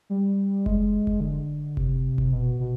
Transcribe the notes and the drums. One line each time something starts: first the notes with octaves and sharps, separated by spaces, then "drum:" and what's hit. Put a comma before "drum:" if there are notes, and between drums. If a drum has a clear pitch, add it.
G3
G#3, drum: kick F#1
drum: kick F#1
D3
C3, drum: kick F#1
drum: kick F#1
B2
B2